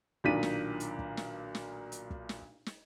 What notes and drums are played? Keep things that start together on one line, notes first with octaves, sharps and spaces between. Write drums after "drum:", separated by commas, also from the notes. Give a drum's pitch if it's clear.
B1 A#2 D#3 D4 B6 D#7
drum: snare
drum: hi-hat
drum: kick
drum: snare
drum: snare
drum: hi-hat
drum: kick
drum: snare
drum: snare